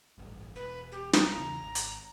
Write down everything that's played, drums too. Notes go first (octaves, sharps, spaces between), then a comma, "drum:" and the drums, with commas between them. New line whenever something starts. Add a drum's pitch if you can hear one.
D#1 A1 G2
E1 B4
G4
A#5, drum: snare
E2 C#3 E3
G#1
drum: hi-hat